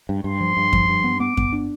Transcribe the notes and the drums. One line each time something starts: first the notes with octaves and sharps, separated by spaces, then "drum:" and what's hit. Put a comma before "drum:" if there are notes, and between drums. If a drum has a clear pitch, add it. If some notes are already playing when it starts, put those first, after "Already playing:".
G2
G2 C6
F3
G2
F3, drum: kick F#2
G2
B3
B3 D6
B3, drum: kick F#2
D4